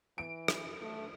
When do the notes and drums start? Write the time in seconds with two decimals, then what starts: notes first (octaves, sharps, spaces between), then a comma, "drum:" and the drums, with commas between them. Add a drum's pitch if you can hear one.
0.18 E3 D7
0.48 drum: rim click
0.82 A3